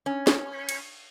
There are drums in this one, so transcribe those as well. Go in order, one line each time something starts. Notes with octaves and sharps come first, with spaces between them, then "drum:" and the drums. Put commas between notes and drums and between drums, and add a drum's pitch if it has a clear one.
C#4
drum: snare
drum: cymbal